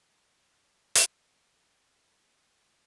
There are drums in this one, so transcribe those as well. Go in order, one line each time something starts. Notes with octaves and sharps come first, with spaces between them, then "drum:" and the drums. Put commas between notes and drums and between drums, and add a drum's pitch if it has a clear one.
F#4 A#4 A5 C6
drum: hi-hat